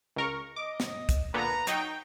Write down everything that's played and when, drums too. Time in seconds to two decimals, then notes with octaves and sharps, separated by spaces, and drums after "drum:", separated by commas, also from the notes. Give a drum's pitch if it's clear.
0.16 C#2 A#4 C#6
0.56 D#5 D6
0.80 drum: snare
1.09 drum: kick, hi-hat
1.34 A#2 D3 B3 B4 A#5
1.67 F#3 D#4 G5, drum: hi-hat